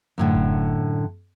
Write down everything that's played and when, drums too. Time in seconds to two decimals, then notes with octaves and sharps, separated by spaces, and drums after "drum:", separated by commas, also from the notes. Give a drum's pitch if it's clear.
0.18 F#2 A2 D3
0.35 drum: kick F1